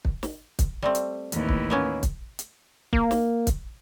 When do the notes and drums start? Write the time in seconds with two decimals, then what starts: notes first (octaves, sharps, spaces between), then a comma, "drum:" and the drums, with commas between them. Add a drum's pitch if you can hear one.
0.05 drum: kick
0.23 drum: snare
0.59 drum: kick, hi-hat
0.83 G3 A3 C4
0.95 drum: hi-hat
1.32 D#2 A2 E3, drum: hi-hat
1.49 drum: kick
1.70 A#3 B3 C#4
2.03 drum: kick, hi-hat
2.39 drum: hi-hat
2.93 A#3, drum: kick
3.11 drum: snare
3.47 drum: kick, hi-hat